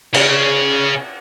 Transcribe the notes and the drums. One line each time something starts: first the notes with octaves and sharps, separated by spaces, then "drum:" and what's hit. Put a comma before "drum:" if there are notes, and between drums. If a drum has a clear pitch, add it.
C#3, drum: cymbal